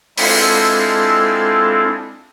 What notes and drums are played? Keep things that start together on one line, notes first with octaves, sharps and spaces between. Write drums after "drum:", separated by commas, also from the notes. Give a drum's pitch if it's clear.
G#3 C4 D4 E4 F4 A4, drum: open hi-hat